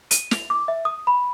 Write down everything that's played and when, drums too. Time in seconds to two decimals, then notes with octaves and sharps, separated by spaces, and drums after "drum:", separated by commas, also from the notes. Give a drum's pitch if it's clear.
0.11 D#7, drum: hi-hat
0.31 F7, drum: snare
0.50 D6
0.68 E5
0.85 D#6
1.07 B5